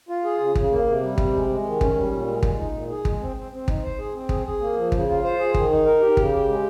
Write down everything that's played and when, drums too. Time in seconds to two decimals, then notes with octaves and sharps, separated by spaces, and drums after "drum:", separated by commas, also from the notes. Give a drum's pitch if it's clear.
0.09 F4
0.24 G#4
0.40 C#3
0.55 C#3, drum: kick
0.71 A#3
0.87 C3
1.02 G3
1.18 C3, drum: kick
1.33 G#3
1.49 G#3
1.64 D#3
1.81 C#4, drum: kick
1.95 G3
2.11 A#2
2.26 G#3
2.43 G#3, drum: kick
2.59 D#4
2.74 A#2
2.90 G#4
3.05 G#3, drum: kick
3.20 C4
3.36 C4
3.52 C4
3.68 D#4, drum: kick
3.83 C5
3.99 G#4
4.13 C4
4.29 G#4, drum: kick
4.46 G#4
4.61 A#3
4.76 F3
4.92 C#3, drum: kick
5.07 F4
5.24 C5
5.39 G#4
5.54 D#3, drum: kick
5.70 D#4
5.85 A#4
6.01 G4
6.17 C#3, drum: kick
6.33 G4
6.48 G#3